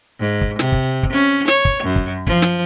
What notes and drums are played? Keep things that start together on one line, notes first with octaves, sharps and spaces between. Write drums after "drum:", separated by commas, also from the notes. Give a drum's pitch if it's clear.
G#2
drum: kick
C3, drum: snare
drum: kick
drum: kick
C#4
C#5, drum: snare
drum: kick
F#2
drum: kick
F3, drum: kick
drum: snare